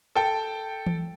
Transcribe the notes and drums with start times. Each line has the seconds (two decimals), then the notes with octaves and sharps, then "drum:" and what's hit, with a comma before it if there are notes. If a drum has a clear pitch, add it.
0.15 A4 G5
0.86 drum: tom E3